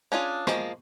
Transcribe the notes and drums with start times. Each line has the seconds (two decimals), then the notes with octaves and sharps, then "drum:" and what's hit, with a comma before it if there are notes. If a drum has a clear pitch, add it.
0.12 C#4 D4 F4 G#4
0.47 F3 G#3 A#3, drum: rim click